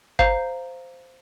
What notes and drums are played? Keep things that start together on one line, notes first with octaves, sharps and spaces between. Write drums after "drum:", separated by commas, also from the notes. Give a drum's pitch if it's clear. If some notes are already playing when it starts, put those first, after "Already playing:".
C5 F5 A#5 G6, drum: kick G1